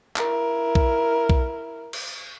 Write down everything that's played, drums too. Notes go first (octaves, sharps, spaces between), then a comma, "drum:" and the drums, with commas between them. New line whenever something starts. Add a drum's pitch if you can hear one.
E4 A#4, drum: clap
drum: kick B1
drum: kick B1
drum: cymbal